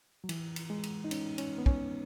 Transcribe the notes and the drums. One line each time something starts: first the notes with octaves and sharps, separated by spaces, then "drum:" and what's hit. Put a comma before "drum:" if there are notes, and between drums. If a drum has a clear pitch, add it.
F#3
E3, drum: cymbal
drum: cymbal
G#3
drum: cymbal
D#4
C#4, drum: cymbal
C#4, drum: cymbal
B3
C#4, drum: kick